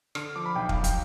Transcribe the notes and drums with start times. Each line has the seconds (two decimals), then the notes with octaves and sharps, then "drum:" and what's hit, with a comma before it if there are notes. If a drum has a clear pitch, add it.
0.15 D3 F6, drum: rim click
0.36 F3 D6
0.46 B5
0.56 B1 G5
0.69 F5, drum: kick
0.76 B1
0.84 G5, drum: kick, hi-hat